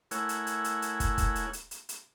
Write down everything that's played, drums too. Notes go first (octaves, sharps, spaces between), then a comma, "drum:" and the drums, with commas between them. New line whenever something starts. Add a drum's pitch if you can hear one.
A3 E4 A#4 C#5 F#5 G#5, drum: hi-hat
drum: hi-hat
drum: hi-hat
drum: hi-hat
drum: hi-hat
drum: kick, hi-hat
drum: kick, hi-hat
drum: hi-hat
drum: hi-hat
drum: hi-hat
drum: hi-hat